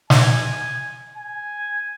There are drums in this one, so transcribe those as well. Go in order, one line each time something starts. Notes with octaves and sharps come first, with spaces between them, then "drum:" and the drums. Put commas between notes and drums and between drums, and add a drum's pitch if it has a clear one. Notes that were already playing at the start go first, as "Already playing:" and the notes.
G#5, drum: snare
G#5